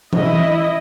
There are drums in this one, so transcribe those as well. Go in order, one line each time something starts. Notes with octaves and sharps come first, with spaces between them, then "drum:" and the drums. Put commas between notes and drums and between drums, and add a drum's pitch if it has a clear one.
E4 D#5, drum: tom E3